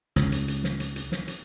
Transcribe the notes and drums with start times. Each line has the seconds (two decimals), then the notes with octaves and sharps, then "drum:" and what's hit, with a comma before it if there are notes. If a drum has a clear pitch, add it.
0.16 C#2, drum: snare
0.32 drum: hi-hat
0.48 drum: hi-hat
0.64 drum: snare
0.80 drum: hi-hat
0.96 drum: hi-hat
1.12 drum: snare
1.28 drum: hi-hat